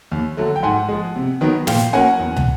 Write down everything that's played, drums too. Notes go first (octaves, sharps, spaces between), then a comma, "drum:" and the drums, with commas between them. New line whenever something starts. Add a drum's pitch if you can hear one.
D#2
D3 F#3 A3
G5
G#2 F#5 G#5
F3 G#3
C3
D#3 F#3 B3
A#2 F5 G5, drum: snare
F#3 A#3 C#4 F#5 G#5
E2
drum: tom